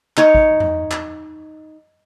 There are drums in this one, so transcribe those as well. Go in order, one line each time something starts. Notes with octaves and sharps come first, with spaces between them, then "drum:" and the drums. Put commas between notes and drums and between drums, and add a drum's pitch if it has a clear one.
D#4 C#5, drum: clap
drum: kick
drum: tom E2
drum: clap